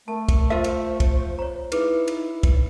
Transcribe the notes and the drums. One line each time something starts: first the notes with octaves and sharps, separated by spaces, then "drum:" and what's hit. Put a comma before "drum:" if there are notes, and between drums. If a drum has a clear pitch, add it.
A3 A#4 A5
drum: kick, cymbal
F4 A#4 C5 E5 F5
drum: cymbal
drum: kick, cymbal
C#5 A#5
D#4 E4 G#4 B4, drum: cymbal
drum: cymbal
drum: kick, cymbal